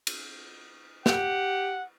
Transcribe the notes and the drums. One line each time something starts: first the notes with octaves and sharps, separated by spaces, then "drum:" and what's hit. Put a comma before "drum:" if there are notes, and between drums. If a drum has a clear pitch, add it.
drum: cymbal
G4 F#5, drum: snare